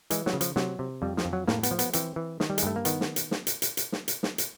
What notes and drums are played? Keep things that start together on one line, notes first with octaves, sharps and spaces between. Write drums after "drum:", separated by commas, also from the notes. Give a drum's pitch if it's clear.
E3 G#3, drum: hi-hat
F#3, drum: snare
C#3
F3, drum: hi-hat
C3 F#3, drum: snare
C3
F2 G3
F3, drum: snare
F2
F#3
A2 A#3, drum: snare
B3, drum: hi-hat
F3
B3, drum: hi-hat
E3 C4, drum: hi-hat
E3
D#3, drum: snare
G3
G#3, drum: hi-hat
G2 A3
A#3
D#3 B3, drum: hi-hat
drum: snare
drum: hi-hat
drum: snare
drum: hi-hat
drum: hi-hat
drum: hi-hat
drum: snare
drum: hi-hat
drum: snare
drum: hi-hat